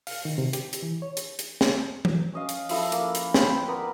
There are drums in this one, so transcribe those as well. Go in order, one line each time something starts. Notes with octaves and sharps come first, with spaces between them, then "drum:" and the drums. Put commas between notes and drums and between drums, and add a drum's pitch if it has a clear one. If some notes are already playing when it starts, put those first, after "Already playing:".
F5, drum: open hi-hat
D#3
C3
G4, drum: hi-hat
drum: hi-hat
E3
C#5
drum: hi-hat
drum: hi-hat
drum: snare
drum: tom E3
C#4 D#5 F5
drum: hi-hat
F3 E4 A4 E6, drum: open hi-hat
A#3, drum: hi-hat
drum: hi-hat
B4 C5 G5, drum: snare
B3 A#4 D5 B5